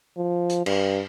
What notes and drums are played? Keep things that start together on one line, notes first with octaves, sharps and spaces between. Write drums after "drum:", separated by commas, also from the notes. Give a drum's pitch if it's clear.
F3
drum: hi-hat
G2, drum: cymbal